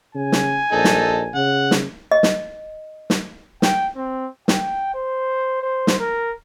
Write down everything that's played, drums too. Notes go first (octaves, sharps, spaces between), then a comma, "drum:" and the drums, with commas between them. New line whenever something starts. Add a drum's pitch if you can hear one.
C#3 G#5
drum: snare
A#1 D#4 A4
drum: snare
C#3 F#5
drum: snare
D#5
drum: snare
drum: snare
G5, drum: snare
C4
G5, drum: snare
C5
C5
drum: snare
A#4